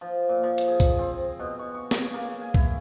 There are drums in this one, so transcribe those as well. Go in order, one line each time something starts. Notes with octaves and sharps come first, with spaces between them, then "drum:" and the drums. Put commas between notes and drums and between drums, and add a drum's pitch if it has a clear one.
F3
A#2
F3
drum: hi-hat
G#4
drum: kick, hi-hat
C4
B2
C#6
C#6
C#3, drum: snare
A#3
G#5
E4, drum: kick